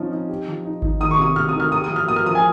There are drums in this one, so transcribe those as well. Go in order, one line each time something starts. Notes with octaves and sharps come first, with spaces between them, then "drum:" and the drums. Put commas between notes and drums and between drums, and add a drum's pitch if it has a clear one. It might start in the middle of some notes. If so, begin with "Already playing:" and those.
Already playing: F3 C4 C#4 D#4
D#4
G4
F3
D#4
D#4, drum: kick G#1
D#3 D#6
C#6
C3 D#6
C3 F6
D#6
D#3
F6
G4 D#6
D#6
F3
F6
A#3 D#6
F6
F3 D#6
G#5